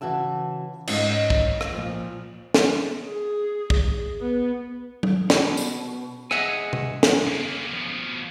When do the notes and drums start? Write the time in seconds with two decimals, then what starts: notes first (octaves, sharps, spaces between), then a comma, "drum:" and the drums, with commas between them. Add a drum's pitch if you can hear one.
0.01 C#3 E3 F#4 E5 A5
0.87 G#2 C#4 D#4 D#5, drum: cymbal
1.30 drum: kick
1.61 drum: rim click
1.72 A#2 F3
2.54 drum: snare
3.05 G#4
3.70 drum: kick
4.21 B3
5.03 drum: tom
5.30 B2, drum: snare
5.57 drum: tambourine
6.31 G#4 D#5 E5 F#5 G#5, drum: rim click
6.73 drum: tom
7.03 drum: snare
7.27 C#3 A#3
7.71 B2 F3